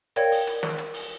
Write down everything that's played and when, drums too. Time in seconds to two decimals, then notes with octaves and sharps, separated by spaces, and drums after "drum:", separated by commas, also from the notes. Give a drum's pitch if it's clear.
0.16 A#4 C#5 D5 F5 G5 G#6, drum: hi-hat
0.32 drum: open hi-hat
0.47 drum: hi-hat
0.63 drum: snare
0.78 drum: hi-hat
0.94 drum: open hi-hat